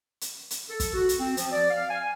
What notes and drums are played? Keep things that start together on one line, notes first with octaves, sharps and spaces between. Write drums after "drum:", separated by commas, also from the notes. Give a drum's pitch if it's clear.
drum: hi-hat
drum: hi-hat
A4
drum: kick, hi-hat
F#4
drum: hi-hat
C4
F3, drum: hi-hat
D5
F5
G#5